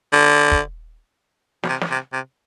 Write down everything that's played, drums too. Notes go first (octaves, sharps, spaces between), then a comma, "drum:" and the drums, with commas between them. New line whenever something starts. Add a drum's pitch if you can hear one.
D3
drum: kick
B2, drum: snare
C3
drum: snare
C3
C3